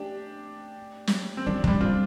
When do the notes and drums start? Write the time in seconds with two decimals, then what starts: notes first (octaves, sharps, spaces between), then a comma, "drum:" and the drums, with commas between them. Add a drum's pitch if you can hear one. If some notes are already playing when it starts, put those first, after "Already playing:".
Already playing: A3 D4 G4
1.07 drum: snare
1.37 C4
1.46 G3 D4
1.57 F3
1.64 G3 D4, drum: kick
1.80 G3 C4 F4